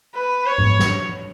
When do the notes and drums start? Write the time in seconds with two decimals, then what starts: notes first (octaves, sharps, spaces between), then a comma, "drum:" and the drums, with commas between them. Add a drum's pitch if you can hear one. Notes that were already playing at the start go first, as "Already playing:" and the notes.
0.15 B4
0.46 C#5
0.58 drum: tom G#2
0.79 drum: snare